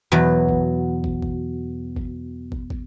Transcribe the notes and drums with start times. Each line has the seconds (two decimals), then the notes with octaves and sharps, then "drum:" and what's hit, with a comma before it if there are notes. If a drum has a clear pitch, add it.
0.12 E2 B2 F#3
0.49 drum: kick
1.04 drum: kick
1.22 drum: kick
1.96 drum: kick
2.52 drum: kick
2.70 drum: kick